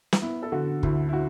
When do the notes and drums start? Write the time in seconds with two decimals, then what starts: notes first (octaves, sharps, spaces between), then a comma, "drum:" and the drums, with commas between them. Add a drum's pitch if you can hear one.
0.13 drum: snare
0.22 B3 E4
0.43 A4
0.52 D3 F#4
0.83 D2 E4, drum: kick
1.09 E4
1.13 F#4